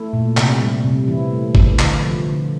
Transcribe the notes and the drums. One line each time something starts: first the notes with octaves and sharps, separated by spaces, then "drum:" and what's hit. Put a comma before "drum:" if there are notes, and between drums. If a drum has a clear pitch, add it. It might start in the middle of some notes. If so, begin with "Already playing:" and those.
Already playing: A3 E4
A#2
C3, drum: clap
G3
C3
E3 E4
A3
E3, drum: kick G1
D3, drum: clap
F3
D3